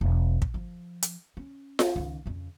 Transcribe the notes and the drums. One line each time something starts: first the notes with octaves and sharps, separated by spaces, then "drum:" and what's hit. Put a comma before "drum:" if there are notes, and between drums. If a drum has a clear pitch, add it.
E1
drum: kick
F3
drum: hi-hat
C#4
drum: snare F4
C#2 D#3
F2 C#3